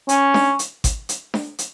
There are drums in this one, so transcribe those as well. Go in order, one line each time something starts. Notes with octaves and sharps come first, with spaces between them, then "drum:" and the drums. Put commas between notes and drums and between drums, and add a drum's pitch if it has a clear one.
C#4, drum: hi-hat
drum: snare D4
drum: hi-hat
drum: kick G#1, hi-hat
drum: hi-hat
drum: snare D4
drum: hi-hat